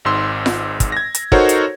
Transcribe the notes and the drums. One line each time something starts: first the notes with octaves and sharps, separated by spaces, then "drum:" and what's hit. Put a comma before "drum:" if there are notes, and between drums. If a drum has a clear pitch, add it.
G#1 G#2 C6 E6
drum: snare F4
drum: kick, hi-hat
G#6 A#6
drum: hi-hat
D#4 F#4 A4 A#4 C5 C#5, drum: kick
drum: hi-hat